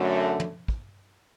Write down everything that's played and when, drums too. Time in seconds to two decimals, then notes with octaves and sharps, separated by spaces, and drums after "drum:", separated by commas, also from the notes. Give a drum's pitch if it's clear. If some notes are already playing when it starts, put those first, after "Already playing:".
Already playing: F#2 D3 F#3 A3
0.40 drum: tom
0.68 drum: kick